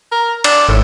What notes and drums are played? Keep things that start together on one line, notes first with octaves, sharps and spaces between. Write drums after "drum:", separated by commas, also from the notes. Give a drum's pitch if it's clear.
A#4
D4, drum: cymbal
G#1 A2